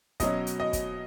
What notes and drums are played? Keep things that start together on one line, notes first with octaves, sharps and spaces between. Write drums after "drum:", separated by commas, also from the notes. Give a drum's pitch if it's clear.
B2 F#3 C#4 D#5, drum: kick, hi-hat
drum: hi-hat
D#5
drum: kick, hi-hat